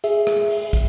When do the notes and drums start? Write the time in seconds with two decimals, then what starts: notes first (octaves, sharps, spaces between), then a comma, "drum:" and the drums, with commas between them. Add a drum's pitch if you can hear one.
0.04 G#4 E5, drum: hi-hat
0.27 drum: rim click
0.50 drum: open hi-hat
0.73 drum: kick, hi-hat